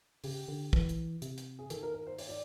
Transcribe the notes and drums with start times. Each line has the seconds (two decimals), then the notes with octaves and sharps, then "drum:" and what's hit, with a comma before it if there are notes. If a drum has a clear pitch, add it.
0.24 C#3 G4, drum: open hi-hat
0.48 D3
0.73 E3, drum: kick
0.89 drum: hi-hat
1.22 C3, drum: hi-hat
1.38 drum: hi-hat
1.59 G#4
1.70 D#3 A4, drum: hi-hat
1.83 A#4
1.94 A#4
2.06 C5
2.18 C#5, drum: open hi-hat
2.29 D5